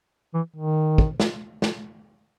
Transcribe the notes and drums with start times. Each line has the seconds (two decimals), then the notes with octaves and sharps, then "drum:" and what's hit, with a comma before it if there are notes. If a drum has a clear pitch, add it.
0.34 E3
0.56 D#3
0.98 drum: kick
1.20 drum: snare
1.62 drum: snare